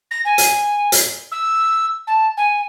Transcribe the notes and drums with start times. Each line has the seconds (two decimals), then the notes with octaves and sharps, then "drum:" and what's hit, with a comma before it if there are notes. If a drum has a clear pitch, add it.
0.11 A#6
0.25 G#5
0.38 drum: hi-hat
0.92 drum: hi-hat
1.32 E6
2.07 A5
2.37 G#5